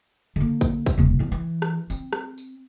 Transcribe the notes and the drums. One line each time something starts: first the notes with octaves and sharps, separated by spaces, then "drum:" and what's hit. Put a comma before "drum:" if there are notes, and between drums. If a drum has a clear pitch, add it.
D3 A#3
drum: kick, tambourine
drum: kick, tambourine
D#1 C3
B1 E3
E3
drum: rim click
C4, drum: tambourine
drum: rim click
drum: tambourine